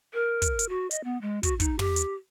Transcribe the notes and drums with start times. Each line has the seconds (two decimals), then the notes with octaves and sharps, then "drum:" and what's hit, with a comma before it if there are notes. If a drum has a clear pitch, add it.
0.14 A#4
0.42 drum: kick, hi-hat
0.59 drum: hi-hat
0.69 F#4
0.91 D#5, drum: hi-hat
1.04 B3
1.21 G#3
1.43 F#4, drum: kick, hi-hat
1.60 D#4, drum: kick, hi-hat
1.79 G4, drum: tom
1.96 drum: hi-hat